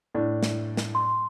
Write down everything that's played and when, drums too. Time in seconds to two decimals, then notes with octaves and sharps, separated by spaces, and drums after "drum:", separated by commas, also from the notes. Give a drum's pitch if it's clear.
0.15 A2 D4
0.43 drum: snare
0.77 drum: snare
0.95 C6